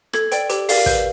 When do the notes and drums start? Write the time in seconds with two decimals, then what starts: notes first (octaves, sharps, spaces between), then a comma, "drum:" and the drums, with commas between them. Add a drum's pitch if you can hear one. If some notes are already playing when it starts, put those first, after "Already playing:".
0.13 A4 G#6, drum: rim click
0.32 D5 G5, drum: hi-hat
0.49 G4, drum: hi-hat
0.69 A#4 D5 F5, drum: open hi-hat
0.86 B4 G6, drum: kick, hi-hat